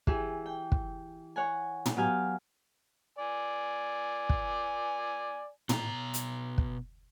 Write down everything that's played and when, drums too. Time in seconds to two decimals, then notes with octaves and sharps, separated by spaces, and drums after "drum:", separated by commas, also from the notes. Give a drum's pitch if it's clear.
0.07 E3 E4 G4 G#4, drum: kick
0.46 G5
0.72 drum: kick
1.36 C#5 F#5 G#5
1.86 drum: tom
1.96 F#3 B3 G4 F5 G#5 G6
3.18 D5 G#5
4.29 drum: kick
5.69 B2 A#5, drum: tom
6.14 drum: hi-hat
6.58 drum: kick